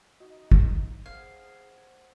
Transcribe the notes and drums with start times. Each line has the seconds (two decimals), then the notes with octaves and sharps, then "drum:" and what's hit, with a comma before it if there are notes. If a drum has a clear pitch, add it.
0.20 D#4 F#4 D#5
0.52 drum: kick
1.06 G#4 C5 F5 F#5 G#6